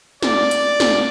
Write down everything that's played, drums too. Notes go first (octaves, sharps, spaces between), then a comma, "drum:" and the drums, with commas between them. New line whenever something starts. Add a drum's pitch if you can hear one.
D5, drum: snare
drum: hi-hat
drum: snare